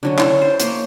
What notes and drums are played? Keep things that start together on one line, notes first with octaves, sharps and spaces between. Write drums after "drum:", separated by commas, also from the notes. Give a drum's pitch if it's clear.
D3 F#3 C#4
E4 A4 C#5, drum: clap
C5
A#3 C#5 C6, drum: hi-hat